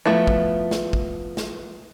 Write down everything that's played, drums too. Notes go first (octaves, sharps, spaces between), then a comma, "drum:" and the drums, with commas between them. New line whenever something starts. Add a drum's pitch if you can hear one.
F3 A3 B3 E4
drum: kick
drum: snare
drum: kick
drum: snare